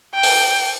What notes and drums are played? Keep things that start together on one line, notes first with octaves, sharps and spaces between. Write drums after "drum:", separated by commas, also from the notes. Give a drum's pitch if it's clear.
G5
drum: open hi-hat